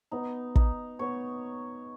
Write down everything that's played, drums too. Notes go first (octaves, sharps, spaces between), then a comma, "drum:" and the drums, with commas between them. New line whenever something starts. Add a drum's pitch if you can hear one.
B3 D#4
D#4, drum: kick
B3 C#5